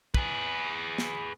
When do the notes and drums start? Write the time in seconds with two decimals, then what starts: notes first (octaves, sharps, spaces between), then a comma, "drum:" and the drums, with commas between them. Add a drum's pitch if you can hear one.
0.14 G#4 B4, drum: kick
0.98 drum: snare